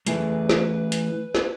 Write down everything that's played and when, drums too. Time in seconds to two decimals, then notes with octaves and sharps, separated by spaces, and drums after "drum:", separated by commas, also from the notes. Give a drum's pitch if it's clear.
0.07 E3 A3 E4 G#4 B4, drum: hi-hat
0.49 drum: snare
0.92 drum: hi-hat
1.35 drum: snare